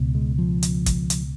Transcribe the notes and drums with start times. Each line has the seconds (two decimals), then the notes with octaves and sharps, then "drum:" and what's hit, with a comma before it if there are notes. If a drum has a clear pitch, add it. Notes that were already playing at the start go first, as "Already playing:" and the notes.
Already playing: C#2 B2
0.15 G#3
0.38 F3
0.63 drum: hi-hat
0.86 drum: kick, hi-hat
1.10 drum: hi-hat